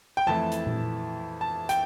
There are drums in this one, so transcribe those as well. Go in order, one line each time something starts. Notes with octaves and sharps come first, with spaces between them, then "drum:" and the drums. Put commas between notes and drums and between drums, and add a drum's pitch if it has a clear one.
G5
F2 E3 A3 E4 A5
drum: hi-hat
drum: tom A#2
A5
G5, drum: hi-hat